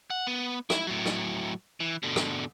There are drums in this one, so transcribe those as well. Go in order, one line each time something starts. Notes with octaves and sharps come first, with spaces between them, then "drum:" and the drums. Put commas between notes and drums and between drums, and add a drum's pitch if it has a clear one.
F#5
B3
E4, drum: rim click
A2 F#3
drum: rim click
E3
B2 D3
drum: rim click